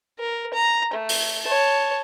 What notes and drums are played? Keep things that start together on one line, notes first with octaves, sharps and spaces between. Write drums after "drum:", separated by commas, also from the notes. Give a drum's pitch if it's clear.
A#4
A#5
A3
drum: open hi-hat
C#5 A5